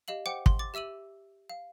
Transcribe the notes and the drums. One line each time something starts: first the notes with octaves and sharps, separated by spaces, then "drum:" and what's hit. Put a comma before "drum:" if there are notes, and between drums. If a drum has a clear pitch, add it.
G4 D#5 F5 F#7
C5 F#5 G5 D6 C#7
C6, drum: kick
D6 A6
G4 E5 E6 D#7 F#7
F5